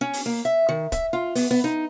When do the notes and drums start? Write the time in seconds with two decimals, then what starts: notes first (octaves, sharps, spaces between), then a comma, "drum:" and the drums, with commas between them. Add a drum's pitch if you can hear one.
0.01 C#4
0.13 drum: open hi-hat
0.26 A#3
0.45 E5
0.69 D#3
0.92 E5, drum: kick, hi-hat
1.13 F4
1.35 B3, drum: open hi-hat
1.51 B3
1.64 D#4